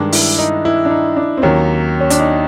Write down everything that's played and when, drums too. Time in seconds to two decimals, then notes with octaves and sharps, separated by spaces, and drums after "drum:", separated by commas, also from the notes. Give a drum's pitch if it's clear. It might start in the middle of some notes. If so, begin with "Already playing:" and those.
Already playing: G2 D#3 G#3 D4
0.12 E4, drum: open hi-hat
0.39 D#4
0.65 E4
0.85 D4
0.90 D#4
1.17 D4
1.37 C4
1.42 D#2 D#3 F#3 C#4
2.00 C#4
2.10 D4, drum: hi-hat
2.20 D#4